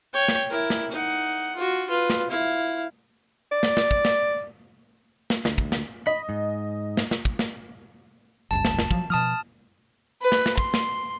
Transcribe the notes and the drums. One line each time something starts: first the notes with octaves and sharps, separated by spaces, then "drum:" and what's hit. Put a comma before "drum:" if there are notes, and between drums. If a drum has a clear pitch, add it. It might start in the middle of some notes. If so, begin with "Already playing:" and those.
C#5 G5
drum: snare
E4 A#4
drum: snare
D#4 F#5
F4 F#4
F4 B4
drum: snare
E4 F5
D5
drum: snare
drum: snare
drum: kick
drum: snare
drum: snare
D2, drum: snare
drum: kick
drum: snare
D#5 B5
G#2
drum: snare
drum: snare
drum: kick
drum: snare
F#1 C#2 G2 A5
drum: snare
drum: snare
F3 F#3, drum: kick
B2 F3 A5 D#6 F6
B4
drum: snare
drum: snare
C6, drum: kick
drum: snare